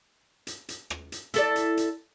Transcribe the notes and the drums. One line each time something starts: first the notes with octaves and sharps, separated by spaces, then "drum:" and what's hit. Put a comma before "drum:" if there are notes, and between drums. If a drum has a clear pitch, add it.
drum: hi-hat
drum: hi-hat
drum: rim click
drum: hi-hat
E4 A4 D5, drum: hi-hat
drum: hi-hat
drum: hi-hat